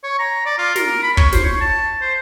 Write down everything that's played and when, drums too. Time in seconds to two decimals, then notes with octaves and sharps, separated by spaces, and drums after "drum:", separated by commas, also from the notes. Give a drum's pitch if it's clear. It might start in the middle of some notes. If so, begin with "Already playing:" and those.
0.04 C#5
0.19 A#5
0.46 D5
0.58 F4
0.76 A#4, drum: snare
1.03 B5
1.17 C#5, drum: kick
1.33 C5, drum: snare
1.45 C#5
1.61 A5
2.01 C5